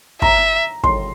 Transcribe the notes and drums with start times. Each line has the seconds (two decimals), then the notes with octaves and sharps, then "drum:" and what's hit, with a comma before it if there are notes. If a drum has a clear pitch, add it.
0.22 E5 A#5, drum: kick
0.84 C6, drum: kick